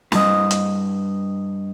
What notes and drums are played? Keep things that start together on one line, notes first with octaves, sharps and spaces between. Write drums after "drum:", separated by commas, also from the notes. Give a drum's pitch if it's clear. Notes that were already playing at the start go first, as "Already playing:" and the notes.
G2 D#5, drum: snare
drum: hi-hat